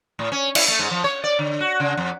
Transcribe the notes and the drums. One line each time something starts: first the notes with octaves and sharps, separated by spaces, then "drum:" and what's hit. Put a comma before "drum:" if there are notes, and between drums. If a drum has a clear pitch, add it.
A2
C#4
E4, drum: cymbal
A3
G#2
F3
C#5
D5
D3
F#4
C#3
F2